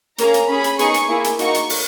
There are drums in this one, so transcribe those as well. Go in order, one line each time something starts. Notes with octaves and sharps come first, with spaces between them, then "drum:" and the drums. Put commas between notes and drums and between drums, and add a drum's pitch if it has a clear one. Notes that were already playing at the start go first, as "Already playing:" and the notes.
A#3 C#4 G#4 A#5, drum: hi-hat
drum: hi-hat
C#4 G#4 B5
drum: hi-hat
B3 D#4 G#4 C#6, drum: hi-hat
drum: hi-hat
A#3 E4 G#4
drum: hi-hat
A#3 D#4 F#4 C#6, drum: hi-hat
drum: hi-hat
drum: open hi-hat